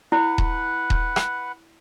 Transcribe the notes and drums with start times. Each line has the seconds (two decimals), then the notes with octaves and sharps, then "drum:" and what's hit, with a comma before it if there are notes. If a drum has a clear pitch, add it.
0.12 E4 B4 F#5
0.38 drum: kick D#1
0.90 drum: kick D#1
1.16 drum: rim click